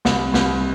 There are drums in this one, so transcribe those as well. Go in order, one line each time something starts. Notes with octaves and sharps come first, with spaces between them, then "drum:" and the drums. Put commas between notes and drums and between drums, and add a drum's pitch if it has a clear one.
C2, drum: snare
C2, drum: snare